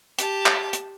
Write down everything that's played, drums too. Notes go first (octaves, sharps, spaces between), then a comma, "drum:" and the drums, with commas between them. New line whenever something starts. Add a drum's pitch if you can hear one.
G4 A5, drum: hi-hat
drum: clap
drum: hi-hat